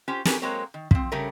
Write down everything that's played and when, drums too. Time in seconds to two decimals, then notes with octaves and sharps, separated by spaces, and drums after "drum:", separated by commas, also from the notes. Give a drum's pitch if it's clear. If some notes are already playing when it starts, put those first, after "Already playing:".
0.08 C#4 F4 G4 C5
0.25 C#4 G4 G#4 A#4 B4, drum: snare
0.42 F#3 G#3 A#3 C4 A#4 C#5
0.74 D#3
0.91 F3 C4, drum: kick
1.12 C#3 G3 A3 C#4 A#4